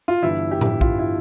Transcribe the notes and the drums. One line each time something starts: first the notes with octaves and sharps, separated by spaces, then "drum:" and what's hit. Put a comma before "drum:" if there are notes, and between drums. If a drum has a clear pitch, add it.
F4
G1 G2 E3 E4
G4
drum: tom A2
F4, drum: kick A#1
E4